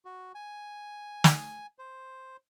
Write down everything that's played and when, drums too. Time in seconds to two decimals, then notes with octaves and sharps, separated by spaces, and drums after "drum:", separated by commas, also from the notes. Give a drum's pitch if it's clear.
0.05 F#4
0.35 G#5
1.24 drum: snare
1.79 C5